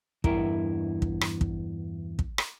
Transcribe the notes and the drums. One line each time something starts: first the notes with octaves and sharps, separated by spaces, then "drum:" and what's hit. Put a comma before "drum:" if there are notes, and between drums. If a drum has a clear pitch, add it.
E2 G2 E4 A#4, drum: kick
drum: kick
drum: rim click
drum: kick
drum: kick
drum: rim click